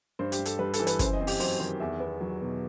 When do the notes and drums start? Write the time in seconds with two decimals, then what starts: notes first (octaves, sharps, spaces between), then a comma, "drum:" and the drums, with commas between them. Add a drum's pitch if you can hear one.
0.19 G2 C5
0.32 G4, drum: hi-hat
0.39 G2
0.45 A4, drum: hi-hat
0.59 G3 B4
0.74 A4, drum: hi-hat
0.80 E3
0.87 B4, drum: hi-hat
0.99 F#2 C5, drum: kick, hi-hat
1.13 D#5
1.20 C4
1.27 G4, drum: open hi-hat
1.40 F#3 C5, drum: open hi-hat
1.60 D#3 C5
1.80 E2 E5
2.00 B3
2.21 F#3
2.42 B2